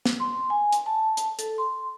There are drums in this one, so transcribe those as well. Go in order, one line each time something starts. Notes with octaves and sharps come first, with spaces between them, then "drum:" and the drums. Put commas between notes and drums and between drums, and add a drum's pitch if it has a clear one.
drum: snare
C6
G#5
drum: hi-hat
A5
drum: hi-hat
A4, drum: hi-hat
C6